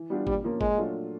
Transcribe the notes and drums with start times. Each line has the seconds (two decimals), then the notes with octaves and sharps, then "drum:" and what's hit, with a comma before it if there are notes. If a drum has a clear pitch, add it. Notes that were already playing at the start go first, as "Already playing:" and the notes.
Already playing: E3
0.10 G3 B3 D4 F4
0.27 A#2 G3, drum: kick G#1
0.44 F3 A#3 C#4
0.61 A#2 G#3, drum: kick G#1
0.78 F#3 A3 D4 F4